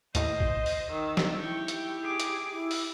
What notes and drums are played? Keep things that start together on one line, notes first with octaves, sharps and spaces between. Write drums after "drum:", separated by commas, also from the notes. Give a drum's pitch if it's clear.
D#2 A2 C5 D#5, drum: hi-hat
drum: kick A1
drum: open hi-hat
D#3 E6
drum: snare
E4 G4 G5 C#6
drum: hi-hat
G#4 D6
drum: hi-hat
E4
drum: open hi-hat